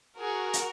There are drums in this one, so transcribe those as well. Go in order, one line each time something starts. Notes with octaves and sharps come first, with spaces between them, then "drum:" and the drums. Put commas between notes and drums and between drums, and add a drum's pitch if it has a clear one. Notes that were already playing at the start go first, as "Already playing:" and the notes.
F#4 G#4 A#4
drum: hi-hat